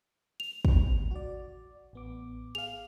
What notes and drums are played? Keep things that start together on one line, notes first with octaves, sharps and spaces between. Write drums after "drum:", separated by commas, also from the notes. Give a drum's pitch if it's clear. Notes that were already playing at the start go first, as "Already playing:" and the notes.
F7
drum: kick
A#1
F#4 D5
A1 B3 D6
G#4 F5 F7